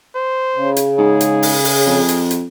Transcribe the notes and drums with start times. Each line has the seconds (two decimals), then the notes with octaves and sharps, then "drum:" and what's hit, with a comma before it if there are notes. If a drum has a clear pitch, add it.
0.15 C5
0.55 C#3
0.77 drum: hi-hat
0.98 G#2 G#4
1.21 drum: hi-hat
1.43 drum: open hi-hat
1.65 drum: open hi-hat
1.87 F2
2.09 drum: hi-hat
2.31 drum: hi-hat